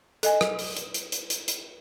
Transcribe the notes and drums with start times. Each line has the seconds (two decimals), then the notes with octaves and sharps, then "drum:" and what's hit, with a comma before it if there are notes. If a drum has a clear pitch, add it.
0.23 A4 D#5 G#5, drum: hi-hat
0.41 drum: rim click
0.59 drum: open hi-hat
0.77 drum: hi-hat
0.94 drum: hi-hat
1.12 drum: hi-hat
1.30 drum: hi-hat
1.48 drum: hi-hat